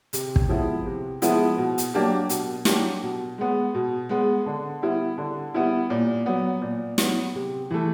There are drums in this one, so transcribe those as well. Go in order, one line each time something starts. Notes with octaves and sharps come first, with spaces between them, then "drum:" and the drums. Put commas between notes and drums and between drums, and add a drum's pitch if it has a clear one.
C3, drum: hi-hat
drum: kick
F3 G#3 B3 E4
C3
F3 G#3 B3 E4, drum: hi-hat
B2
drum: hi-hat
F#3 A#3 D4 G4
B2, drum: hi-hat
F#3 A#3 D4 G4, drum: snare
B2
G#3 B3
B2
G#3 B3
D3
G3 B3 E4
D3
G3 B3 E4
A#2
F#3 B3
A#2
F#3 B3, drum: snare
C3
E3 A3